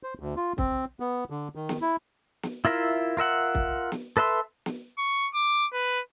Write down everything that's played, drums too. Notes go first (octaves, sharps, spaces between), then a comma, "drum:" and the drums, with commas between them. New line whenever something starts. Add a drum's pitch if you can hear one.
C5
D2
F4
C4, drum: kick
B3
D3
D#3
drum: snare
E4
drum: snare
E4 F4 A#4 E5
F4 A#4 E5 F#5
drum: kick
drum: snare
A4 B4 E5 C6
drum: snare
C#6
D6
B4